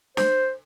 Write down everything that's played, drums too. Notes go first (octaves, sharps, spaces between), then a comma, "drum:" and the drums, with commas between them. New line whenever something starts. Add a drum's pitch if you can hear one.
C5, drum: snare